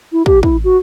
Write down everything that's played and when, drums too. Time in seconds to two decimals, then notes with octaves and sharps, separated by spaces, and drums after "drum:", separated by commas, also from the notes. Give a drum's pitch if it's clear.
0.13 E4
0.26 G4, drum: kick
0.43 E4, drum: kick
0.64 F#4